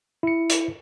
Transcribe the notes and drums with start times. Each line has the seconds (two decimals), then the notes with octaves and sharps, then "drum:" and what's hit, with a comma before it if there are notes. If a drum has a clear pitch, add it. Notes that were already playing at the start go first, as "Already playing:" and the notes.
0.23 E4 C#7
0.49 drum: hi-hat